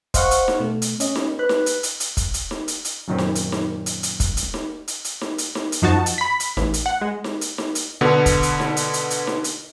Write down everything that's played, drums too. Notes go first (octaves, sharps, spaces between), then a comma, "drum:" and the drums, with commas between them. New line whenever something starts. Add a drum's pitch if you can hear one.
C5 D#5 F5 F#5 C#6, drum: kick, hi-hat
drum: hi-hat
drum: snare D#4
B2 A3
drum: hi-hat
C#4 D#5, drum: hi-hat
drum: snare D#4
B4 B5 F#6
drum: snare D#4
drum: hi-hat
drum: hi-hat
drum: hi-hat
drum: kick, hi-hat
drum: hi-hat
drum: snare D#4
drum: hi-hat
drum: hi-hat
F#2 A#2 D#3 F#3 C4 C#4
drum: snare D#4
drum: hi-hat
drum: snare D#4
drum: hi-hat
drum: hi-hat
drum: kick, hi-hat
drum: hi-hat
drum: snare D#4
drum: hi-hat
drum: hi-hat
drum: snare D#4
drum: hi-hat
drum: snare D#4
drum: hi-hat
F#2 F3 D#4 F#4 A5
drum: hi-hat
B5 B6
drum: hi-hat
A1, drum: snare D#4
drum: hi-hat
F#5
G#3
drum: snare D#4
drum: hi-hat
drum: snare D#4
drum: hi-hat
B2 D3 B3
drum: kick, hi-hat
drum: hi-hat
drum: snare D#4
drum: hi-hat
drum: hi-hat
drum: hi-hat
drum: snare D#4
drum: hi-hat